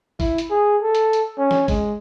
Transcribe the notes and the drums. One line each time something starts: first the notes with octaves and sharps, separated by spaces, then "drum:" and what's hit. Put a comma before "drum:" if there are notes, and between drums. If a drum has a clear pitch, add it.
E4, drum: kick G#1, open hi-hat
drum: hi-hat
G#4
A4
drum: hi-hat
drum: hi-hat
C#4
drum: snare
G#3, drum: kick G#1, open hi-hat